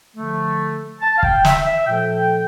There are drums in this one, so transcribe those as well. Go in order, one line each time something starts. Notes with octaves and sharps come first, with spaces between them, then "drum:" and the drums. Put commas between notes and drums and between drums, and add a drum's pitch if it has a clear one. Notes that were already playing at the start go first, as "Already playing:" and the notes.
D3 F3 A3
A5
F5
G5, drum: kick
E5, drum: snare
E5
A#2 F3 A3 G5